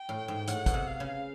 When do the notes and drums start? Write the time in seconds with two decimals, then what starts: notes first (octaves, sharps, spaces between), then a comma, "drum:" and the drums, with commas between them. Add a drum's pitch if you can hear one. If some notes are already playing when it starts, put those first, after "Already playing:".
Already playing: G5
0.09 A2
0.28 G#2
0.48 A2 F#5, drum: hi-hat
0.66 B2, drum: kick, hi-hat
0.74 C3
0.86 F5
1.00 C#3